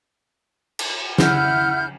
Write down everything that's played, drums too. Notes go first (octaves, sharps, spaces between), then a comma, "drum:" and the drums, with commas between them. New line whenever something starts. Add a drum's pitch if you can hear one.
drum: cymbal
E4 F#5 F6 G6, drum: snare